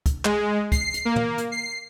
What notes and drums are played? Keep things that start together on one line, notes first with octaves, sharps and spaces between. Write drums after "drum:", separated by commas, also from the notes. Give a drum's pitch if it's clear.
drum: kick, hi-hat
G#3, drum: clap
C7, drum: kick, hi-hat
drum: hi-hat
A#3
drum: tom
drum: hi-hat
C7